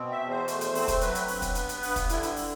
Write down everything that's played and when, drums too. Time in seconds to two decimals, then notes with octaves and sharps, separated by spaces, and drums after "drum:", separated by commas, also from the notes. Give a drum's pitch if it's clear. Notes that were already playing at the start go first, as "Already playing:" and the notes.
Already playing: B2 C4
0.11 E5
0.20 E2
0.30 C5
0.48 A3, drum: hi-hat
0.61 drum: hi-hat
0.75 C4, drum: open hi-hat
0.88 drum: kick, hi-hat
1.01 F#3 B4, drum: hi-hat
1.15 drum: hi-hat
1.28 G2, drum: open hi-hat
1.42 drum: kick, hi-hat
1.55 B3, drum: hi-hat
1.69 drum: hi-hat
1.83 G2, drum: open hi-hat
1.96 drum: kick, hi-hat
2.09 D3 E4, drum: hi-hat
2.23 drum: hi-hat
2.36 drum: open hi-hat